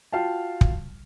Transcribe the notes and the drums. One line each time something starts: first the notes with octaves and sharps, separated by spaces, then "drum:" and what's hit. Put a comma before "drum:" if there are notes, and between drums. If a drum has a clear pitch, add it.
F4 F#4 F5 G5 A5
drum: kick